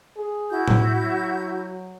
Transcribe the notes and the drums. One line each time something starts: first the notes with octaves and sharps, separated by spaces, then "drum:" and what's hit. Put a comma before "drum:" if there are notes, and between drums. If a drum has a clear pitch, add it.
G#4
E4 F#4 G6
drum: tom A2
F#3